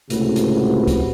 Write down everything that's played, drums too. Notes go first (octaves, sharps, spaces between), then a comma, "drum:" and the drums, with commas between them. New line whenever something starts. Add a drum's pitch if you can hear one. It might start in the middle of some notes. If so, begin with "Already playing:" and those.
C#2 A2 C3 F#4 B4, drum: hi-hat
drum: hi-hat
drum: kick C#2, hi-hat